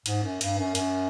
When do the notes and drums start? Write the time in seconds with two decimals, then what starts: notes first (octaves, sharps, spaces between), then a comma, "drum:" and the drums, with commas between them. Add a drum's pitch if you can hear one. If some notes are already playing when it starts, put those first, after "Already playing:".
0.06 G#2, drum: cymbal
0.23 F#2
0.41 G2, drum: cymbal
0.57 F#2
0.75 F#2, drum: cymbal